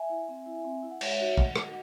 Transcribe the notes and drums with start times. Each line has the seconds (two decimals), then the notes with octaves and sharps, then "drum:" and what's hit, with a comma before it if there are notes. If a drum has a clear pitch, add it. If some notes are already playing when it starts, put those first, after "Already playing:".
Already playing: E5 G#5
0.10 E4
0.29 C4
0.46 E4
0.65 C4
0.83 E4
0.90 F#5
1.01 G#3 C#5 E5, drum: cymbal
1.19 D#4 F#4
1.37 G#3 D#5 F#5, drum: kick
1.56 D#4, drum: rim click
1.61 F#4